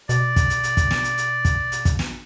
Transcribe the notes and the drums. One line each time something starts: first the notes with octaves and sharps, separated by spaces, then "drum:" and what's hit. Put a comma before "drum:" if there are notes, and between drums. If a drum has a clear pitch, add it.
B2 D5, drum: hi-hat
drum: kick, hi-hat
drum: hi-hat
drum: hi-hat
drum: kick, hi-hat
drum: snare
drum: hi-hat
drum: hi-hat
drum: kick, hi-hat
drum: hi-hat
drum: kick, hi-hat
drum: snare